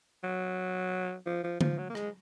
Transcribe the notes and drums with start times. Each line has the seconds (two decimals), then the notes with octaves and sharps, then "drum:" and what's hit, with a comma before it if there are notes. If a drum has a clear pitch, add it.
0.23 F#3
1.26 F3
1.44 F3
1.61 F3, drum: tom D3
1.78 F#3
1.90 A#3
1.95 G#3, drum: rim click